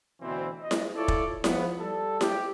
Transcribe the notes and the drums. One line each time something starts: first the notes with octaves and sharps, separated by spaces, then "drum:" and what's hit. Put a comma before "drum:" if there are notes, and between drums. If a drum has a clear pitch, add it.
D2 B2 E3 C4
D#5
drum: snare E4
E4 F4 A4 C#5 D5
drum: kick
F3 B3, drum: snare E4
G3 G4 A4
G4, drum: snare E4